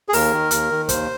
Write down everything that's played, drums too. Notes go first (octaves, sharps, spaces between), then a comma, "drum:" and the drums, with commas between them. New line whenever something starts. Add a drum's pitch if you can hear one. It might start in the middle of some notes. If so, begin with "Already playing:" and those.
G#4
D#2 A#4, drum: open hi-hat
D#3
D#2, drum: hi-hat
D#3
D#2 C5, drum: kick, hi-hat